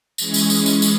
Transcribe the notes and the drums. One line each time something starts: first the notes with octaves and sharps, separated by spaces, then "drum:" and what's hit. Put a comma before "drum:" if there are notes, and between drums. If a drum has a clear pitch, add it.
E3 G#3 C#4 G#4, drum: tambourine
drum: tambourine
drum: tambourine
drum: tambourine
drum: tambourine